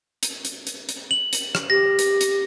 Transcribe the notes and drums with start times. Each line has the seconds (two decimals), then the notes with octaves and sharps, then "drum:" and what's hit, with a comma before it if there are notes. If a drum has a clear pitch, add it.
0.23 drum: hi-hat
0.45 drum: hi-hat
0.67 drum: hi-hat
0.89 drum: hi-hat
1.11 F#7
1.33 drum: hi-hat
1.55 drum: rim click
1.70 G4 A#6
1.99 drum: hi-hat
2.21 drum: hi-hat